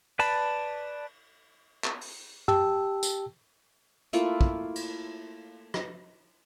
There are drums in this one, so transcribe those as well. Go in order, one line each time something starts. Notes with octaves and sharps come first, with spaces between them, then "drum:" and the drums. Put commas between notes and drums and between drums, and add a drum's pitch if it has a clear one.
B4 D5 A5 B5, drum: cymbal
drum: clap
drum: open hi-hat
G4 G5 A5 E6, drum: tom
drum: tambourine
A3 A#3 E4 F4, drum: hi-hat
drum: kick
drum: cymbal
drum: rim click